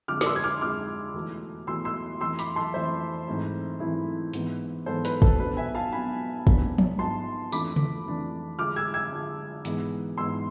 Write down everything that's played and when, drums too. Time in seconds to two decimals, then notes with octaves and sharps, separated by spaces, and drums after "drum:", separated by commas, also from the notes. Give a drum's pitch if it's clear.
0.08 F2 D3 G#3 D6 F6
0.21 D6, drum: snare
0.26 C6 E6
0.36 G#6
0.44 D6 F6
0.61 F2 D3 G#3 D6 F6
1.14 E2 B2 A3
1.67 E2 B2 A3 C6 E6
1.85 C6 E6
2.21 F2 E3 A3 C6 E6
2.39 B5 D6, drum: hi-hat
2.56 A5 C6
2.74 F2 E3 A3 C5 E5
3.27 G#2 E3 A3 C4 E4
3.80 G#2 E3 A3 C4 E4
4.34 G#2 E3 B3, drum: hi-hat
4.86 G#2 E3 B3 A4 C5
5.05 B4, drum: hi-hat
5.22 A4, drum: kick
5.40 B2 B3 D4 B4
5.57 E5 G#5
5.75 F5 A5
5.92 B2 B3 D4 G#5 B5
6.47 G#2 F3 B3 D4, drum: kick
6.78 drum: tom F3
6.99 G#2 F3 B3 D4 A5 C6
7.52 F2 E3 A3 D4 B5 D6, drum: tambourine
7.76 drum: tom C#3
8.06 F2 E3 A3 D4
8.59 D3 F3 G#3 D4 D6 F6
8.76 E6 G#6
8.94 E6 G#6
9.12 D3 F3 G#3 D4
9.65 G#2 E3 G#3 B3, drum: hi-hat
10.18 G#2 E3 G#3 B3 C6 E6